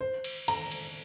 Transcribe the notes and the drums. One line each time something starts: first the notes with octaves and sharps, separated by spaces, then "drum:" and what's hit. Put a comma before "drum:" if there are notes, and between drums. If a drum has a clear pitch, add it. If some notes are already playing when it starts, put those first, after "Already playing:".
C5
drum: cymbal
A#5, drum: cymbal
drum: cymbal